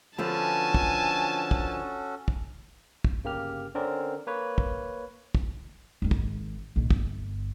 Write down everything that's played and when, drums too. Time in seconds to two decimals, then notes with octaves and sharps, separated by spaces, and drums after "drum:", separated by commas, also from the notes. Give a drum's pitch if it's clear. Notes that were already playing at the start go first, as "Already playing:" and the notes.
0.18 D3 F3 B3 C#4 F#4 A4 G#5 A5
0.74 drum: kick
1.51 drum: kick
2.28 drum: kick
3.04 drum: kick
3.24 G1 C#3 A#3 G4 F6
3.75 D3 C4 C#4 A#4 D5
4.27 A#3 B4 C#5
4.58 drum: kick
5.35 drum: kick
6.02 G#1 D#3
6.11 drum: kick
6.76 A#1 D#3
6.91 G1, drum: kick